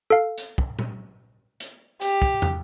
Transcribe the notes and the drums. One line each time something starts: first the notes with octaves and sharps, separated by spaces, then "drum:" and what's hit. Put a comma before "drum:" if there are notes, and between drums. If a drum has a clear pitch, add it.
A4 F5
drum: hi-hat
drum: kick
drum: tom A#2
drum: hi-hat
G4, drum: hi-hat
drum: kick
drum: tom